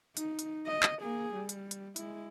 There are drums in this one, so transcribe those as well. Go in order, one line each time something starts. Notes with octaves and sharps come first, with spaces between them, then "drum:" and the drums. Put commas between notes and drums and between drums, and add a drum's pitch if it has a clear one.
D#4, drum: hi-hat
drum: hi-hat
D#5
drum: clap
A#3 G#4
G3
drum: hi-hat
drum: hi-hat
G#3 E4, drum: hi-hat